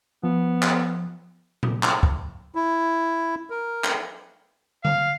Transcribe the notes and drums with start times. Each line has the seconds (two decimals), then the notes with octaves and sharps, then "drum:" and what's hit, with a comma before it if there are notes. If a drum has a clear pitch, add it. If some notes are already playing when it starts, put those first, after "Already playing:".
0.23 F3 B3
0.62 drum: clap
1.63 drum: tom A#2
1.83 drum: clap
2.03 drum: kick C#2
2.55 E4
3.50 A#4
3.84 drum: clap
4.85 F5, drum: tom D3